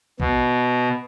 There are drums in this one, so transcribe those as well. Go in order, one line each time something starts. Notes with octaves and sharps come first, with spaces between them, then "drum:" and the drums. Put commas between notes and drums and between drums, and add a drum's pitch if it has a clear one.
B2, drum: kick